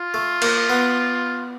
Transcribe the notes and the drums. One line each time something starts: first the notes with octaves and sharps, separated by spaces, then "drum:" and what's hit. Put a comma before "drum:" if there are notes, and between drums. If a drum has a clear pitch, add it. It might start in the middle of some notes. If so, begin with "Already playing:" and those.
Already playing: F4
A3
A#3, drum: cymbal
B3